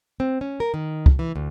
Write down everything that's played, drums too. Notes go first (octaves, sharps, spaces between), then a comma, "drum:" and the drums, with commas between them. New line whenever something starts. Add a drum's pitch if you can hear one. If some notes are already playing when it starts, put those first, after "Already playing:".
C4
C#4
A#4
D#3
drum: kick
E3
D2